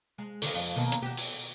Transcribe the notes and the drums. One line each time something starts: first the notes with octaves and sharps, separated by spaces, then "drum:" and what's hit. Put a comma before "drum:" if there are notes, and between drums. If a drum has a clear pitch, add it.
G#3
D3 D#3 D#5, drum: open hi-hat
F2
B2 D#3 A#3
drum: hi-hat
F#4 G4
drum: open hi-hat